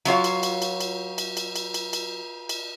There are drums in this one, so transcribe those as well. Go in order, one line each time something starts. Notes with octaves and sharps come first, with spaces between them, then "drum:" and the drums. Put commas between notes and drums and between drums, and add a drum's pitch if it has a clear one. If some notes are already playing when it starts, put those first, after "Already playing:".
F#3 F4 C#5 F5, drum: cymbal
drum: cymbal
drum: cymbal
drum: cymbal
drum: cymbal
drum: cymbal
drum: cymbal
drum: cymbal
drum: cymbal
drum: cymbal
drum: cymbal